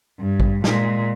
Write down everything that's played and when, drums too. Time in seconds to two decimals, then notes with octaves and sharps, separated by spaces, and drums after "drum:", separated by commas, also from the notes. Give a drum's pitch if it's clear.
0.19 G2
0.40 drum: kick A1
0.64 A#2 G#3, drum: snare